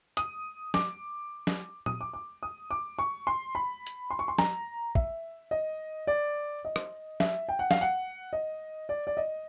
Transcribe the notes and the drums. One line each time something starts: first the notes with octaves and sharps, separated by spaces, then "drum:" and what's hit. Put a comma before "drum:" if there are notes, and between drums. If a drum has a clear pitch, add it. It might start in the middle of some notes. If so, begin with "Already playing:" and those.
D#6, drum: hi-hat
D6, drum: snare
drum: snare
D#6, drum: tom A#2
D6
D6
D#6
D6
C#6
C6
B5
drum: hi-hat
C6
C#6
C6
A#5, drum: snare
E5, drum: kick
D#5
D5
D#5
drum: rim click
E5, drum: snare
G5
F#5
F5, drum: snare
F#5
D#5
D5
D5
D#5